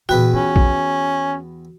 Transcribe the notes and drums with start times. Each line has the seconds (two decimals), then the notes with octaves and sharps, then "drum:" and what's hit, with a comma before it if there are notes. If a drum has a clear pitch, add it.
0.09 E2 A#2 C#3 F#4 B4 G5
0.33 E3 C#4 F4
0.56 drum: kick